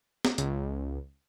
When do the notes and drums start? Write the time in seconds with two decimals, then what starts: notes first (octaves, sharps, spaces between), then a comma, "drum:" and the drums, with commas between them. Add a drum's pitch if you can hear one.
0.25 drum: snare
0.38 C#2, drum: hi-hat